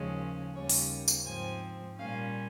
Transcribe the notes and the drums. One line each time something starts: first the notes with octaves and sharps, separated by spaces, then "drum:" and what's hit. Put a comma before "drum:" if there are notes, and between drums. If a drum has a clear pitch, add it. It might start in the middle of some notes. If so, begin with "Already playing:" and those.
Already playing: D#2 C#3 F3 G#3 C#4
D#2 C#3 G3 C#4 C#5
drum: open hi-hat
drum: tambourine
G#2 F3 C4 G#5
A#2 G3 C#4 F5